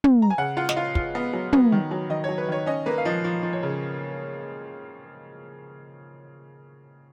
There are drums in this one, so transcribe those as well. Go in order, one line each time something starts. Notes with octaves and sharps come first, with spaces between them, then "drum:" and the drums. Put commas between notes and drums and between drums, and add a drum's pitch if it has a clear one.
drum: tom
A#5
G#5
C#3 F#5
F4 F#5
D#5, drum: snare
F4 F5
F4, drum: kick
B3
F#3
B3, drum: tom
D#3
F#3
D#3 D#5
F#3 C#5
B4
D#3 C#5
C#4 D#5
A#3 B4
F5
F3 D#5
F3
F3
C#5
C#3